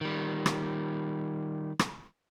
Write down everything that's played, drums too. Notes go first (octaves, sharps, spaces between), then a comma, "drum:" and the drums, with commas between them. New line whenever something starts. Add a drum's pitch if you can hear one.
D#3 G3
drum: rim click
drum: rim click